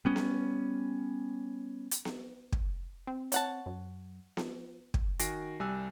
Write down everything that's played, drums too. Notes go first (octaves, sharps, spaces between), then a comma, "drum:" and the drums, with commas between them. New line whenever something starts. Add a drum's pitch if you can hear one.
G3 B3 C#4
drum: snare B3
drum: hi-hat
drum: snare B3
drum: kick
C4
C#5 F#5 A5, drum: hi-hat
F#2
F3, drum: snare B3
drum: kick
D#3 F#4 G#5 A#6 C7 D7, drum: hi-hat
C2 G3 G#5 E6 F#6